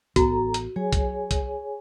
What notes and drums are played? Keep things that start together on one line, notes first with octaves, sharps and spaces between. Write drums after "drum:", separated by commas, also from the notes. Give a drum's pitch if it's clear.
A1 B3 F#4 A4 A#5, drum: kick, hi-hat
drum: hi-hat
F#3 G#4 C#5 G#5
drum: kick, hi-hat
drum: kick, hi-hat